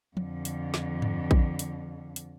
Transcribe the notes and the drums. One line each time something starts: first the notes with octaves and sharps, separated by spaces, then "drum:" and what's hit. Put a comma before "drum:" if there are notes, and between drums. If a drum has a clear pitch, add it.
F2 D3, drum: tom F3
drum: hi-hat
drum: snare
drum: tom G2
drum: kick A#1
drum: hi-hat
drum: hi-hat